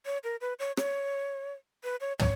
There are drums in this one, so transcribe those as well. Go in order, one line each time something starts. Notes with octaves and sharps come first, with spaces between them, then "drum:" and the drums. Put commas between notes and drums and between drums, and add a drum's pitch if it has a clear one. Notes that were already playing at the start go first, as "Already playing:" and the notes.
C#5
A#4
B4
C#5
C#5, drum: rim click
B4
C#5
C#5, drum: tom